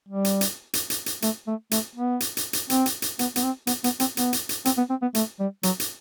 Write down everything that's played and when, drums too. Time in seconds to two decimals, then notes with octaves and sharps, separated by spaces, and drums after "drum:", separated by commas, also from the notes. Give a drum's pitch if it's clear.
0.09 G3
0.25 drum: hi-hat
0.41 drum: hi-hat
0.73 drum: hi-hat
0.90 drum: hi-hat
1.06 drum: hi-hat
1.22 A3, drum: hi-hat
1.47 A3
1.71 A3, drum: hi-hat
1.95 B3
2.20 drum: hi-hat
2.37 drum: hi-hat
2.53 drum: hi-hat
2.70 C4, drum: hi-hat
2.86 drum: hi-hat
3.02 drum: hi-hat
3.19 B3, drum: hi-hat
3.36 B3, drum: hi-hat
3.43 C4
3.67 B3, drum: hi-hat
3.84 B3, drum: hi-hat
4.00 C4, drum: hi-hat
4.17 B3, drum: hi-hat
4.33 drum: hi-hat
4.49 drum: hi-hat
4.65 C4, drum: hi-hat
4.78 B3
4.90 C4
5.02 B3
5.15 A3, drum: hi-hat
5.39 G3
5.63 F#3, drum: hi-hat
5.80 drum: hi-hat